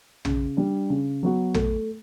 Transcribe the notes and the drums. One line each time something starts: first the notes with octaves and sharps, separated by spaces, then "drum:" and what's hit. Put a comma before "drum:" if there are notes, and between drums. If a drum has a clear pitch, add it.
C#3, drum: tom
G3 D4
C#3
F#3 B3 F#4
A3, drum: tom